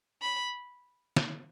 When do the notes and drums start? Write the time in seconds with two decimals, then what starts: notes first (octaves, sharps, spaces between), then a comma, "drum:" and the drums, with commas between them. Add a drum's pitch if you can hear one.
0.22 B5
1.16 drum: snare